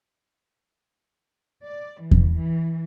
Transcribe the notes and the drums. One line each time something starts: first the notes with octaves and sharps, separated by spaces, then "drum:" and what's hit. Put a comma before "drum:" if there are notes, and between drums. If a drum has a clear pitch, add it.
D5
E3
drum: kick E2
E3